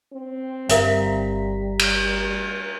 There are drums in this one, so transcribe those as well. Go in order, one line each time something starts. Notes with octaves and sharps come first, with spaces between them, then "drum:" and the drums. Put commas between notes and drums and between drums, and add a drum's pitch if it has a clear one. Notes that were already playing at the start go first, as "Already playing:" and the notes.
C4
G1 G3 A#4 E5 F5 A#5 B6, drum: hi-hat
drum: cymbal